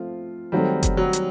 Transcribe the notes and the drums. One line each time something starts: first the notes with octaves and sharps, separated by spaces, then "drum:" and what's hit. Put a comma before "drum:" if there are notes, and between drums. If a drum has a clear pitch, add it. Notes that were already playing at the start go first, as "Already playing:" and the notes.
Already playing: F3 A3 C4 F4
D#3 F#3 G3 A3 C4
drum: kick F#1, hi-hat
F#3
drum: hi-hat